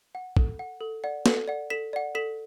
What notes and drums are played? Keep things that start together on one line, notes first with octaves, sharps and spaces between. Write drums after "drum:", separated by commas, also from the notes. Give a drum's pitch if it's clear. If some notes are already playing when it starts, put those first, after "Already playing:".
F#5
A4, drum: kick
F#5
A4
D5 F#5
A4, drum: snare
D5 F#5
A4 B6 E7
D5 F#5
A4 B6 E7